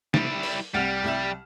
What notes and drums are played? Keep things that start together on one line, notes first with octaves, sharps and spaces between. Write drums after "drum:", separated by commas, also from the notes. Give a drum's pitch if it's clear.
G3 E4, drum: snare
drum: open hi-hat
C2 G3 F#5 F6
C2 E5 E7